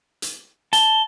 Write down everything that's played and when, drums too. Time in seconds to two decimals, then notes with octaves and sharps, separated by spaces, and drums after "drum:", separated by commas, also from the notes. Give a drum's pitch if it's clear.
0.22 drum: hi-hat
0.73 A5 G7, drum: hi-hat